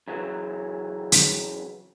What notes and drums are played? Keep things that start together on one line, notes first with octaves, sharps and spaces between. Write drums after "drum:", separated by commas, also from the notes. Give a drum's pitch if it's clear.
F#2 C#3 E3 F#3
drum: hi-hat